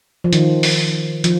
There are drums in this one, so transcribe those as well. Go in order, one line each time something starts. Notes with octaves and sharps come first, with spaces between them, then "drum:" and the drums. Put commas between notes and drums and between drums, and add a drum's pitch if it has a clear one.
F3
D#3, drum: hi-hat
drum: open hi-hat
F3, drum: hi-hat